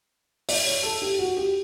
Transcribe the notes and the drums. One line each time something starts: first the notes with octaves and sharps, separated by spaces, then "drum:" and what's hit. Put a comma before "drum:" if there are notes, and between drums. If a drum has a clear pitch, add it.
D5, drum: open hi-hat
C#5
A4
G4
F#4
G4